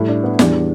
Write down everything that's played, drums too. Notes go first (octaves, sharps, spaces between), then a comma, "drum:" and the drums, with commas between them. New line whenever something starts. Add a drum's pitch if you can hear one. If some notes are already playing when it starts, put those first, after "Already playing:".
Already playing: A2 G3 E4
D4
B3
E2 E3 G3 D4, drum: snare